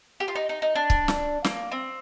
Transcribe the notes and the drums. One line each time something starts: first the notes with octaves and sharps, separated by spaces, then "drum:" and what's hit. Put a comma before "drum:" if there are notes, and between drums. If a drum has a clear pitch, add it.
G4
F4
D#4
D#4
D#4
D4
drum: kick C#1
drum: snare
A#3, drum: snare
C4